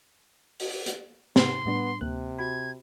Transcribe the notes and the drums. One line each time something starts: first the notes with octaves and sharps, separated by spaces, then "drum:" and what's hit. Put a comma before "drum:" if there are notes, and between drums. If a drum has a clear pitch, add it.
drum: open hi-hat
drum: hi-hat
G#2 C3 B3 D#4 C6, drum: snare
A2 G3 B3 D4
D2 C3 A#3 F#6
F#4 B5 G#6